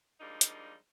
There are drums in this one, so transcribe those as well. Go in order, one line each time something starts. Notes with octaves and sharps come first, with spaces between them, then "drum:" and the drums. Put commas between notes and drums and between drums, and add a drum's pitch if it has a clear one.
F3 G3 G#3 A#3 D4 D#4
drum: hi-hat